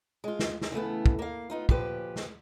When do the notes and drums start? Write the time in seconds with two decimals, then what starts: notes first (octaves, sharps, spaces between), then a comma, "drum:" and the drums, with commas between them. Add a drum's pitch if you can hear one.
0.24 G#3 F4
0.39 drum: snare
0.61 drum: snare
0.72 C#3 E3 A3 B3
1.06 drum: kick
1.19 A#3 F5
1.50 B3 D#4 F4
1.69 D2 A#2 F3 G4 B4, drum: kick
2.16 drum: snare